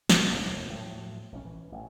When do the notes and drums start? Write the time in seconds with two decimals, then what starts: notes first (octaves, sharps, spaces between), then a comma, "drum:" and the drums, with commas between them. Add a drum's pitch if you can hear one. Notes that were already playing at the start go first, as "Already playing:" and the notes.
0.10 E1 A#1 C3 E3, drum: snare
0.31 E1 D2 B2 E3
0.74 A2 F3 F#3
1.32 A#1 D3 C#4
1.45 E3
1.72 A1